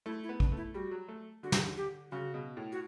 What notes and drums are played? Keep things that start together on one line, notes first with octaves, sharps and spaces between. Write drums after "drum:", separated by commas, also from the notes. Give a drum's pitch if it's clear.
A3 E4
E4
B3
D4, drum: kick
A3 E4
G3 F#4
F#3
A3
D3 F#4
drum: snare
G4
C#3 F#4
B2
A2
F#4